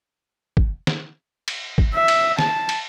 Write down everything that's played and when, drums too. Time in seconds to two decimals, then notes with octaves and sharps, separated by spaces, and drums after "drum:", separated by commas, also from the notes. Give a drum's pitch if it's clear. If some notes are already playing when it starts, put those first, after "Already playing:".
0.57 drum: kick
0.87 drum: snare
1.48 drum: cymbal
1.78 drum: kick
1.94 E5
2.08 drum: cymbal
2.39 A5, drum: snare
2.69 drum: cymbal